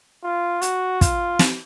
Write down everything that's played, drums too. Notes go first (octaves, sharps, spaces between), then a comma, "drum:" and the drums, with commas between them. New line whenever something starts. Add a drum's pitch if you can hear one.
F4
F#4, drum: hi-hat
F4, drum: kick, hi-hat
drum: snare